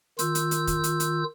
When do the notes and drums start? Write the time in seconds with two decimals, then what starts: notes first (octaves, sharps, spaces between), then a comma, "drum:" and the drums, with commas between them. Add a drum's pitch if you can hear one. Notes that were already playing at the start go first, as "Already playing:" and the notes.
0.19 D#3 F4 E6 G6, drum: hi-hat
0.35 drum: hi-hat
0.51 drum: hi-hat
0.67 drum: kick, hi-hat
0.84 drum: hi-hat
1.00 drum: hi-hat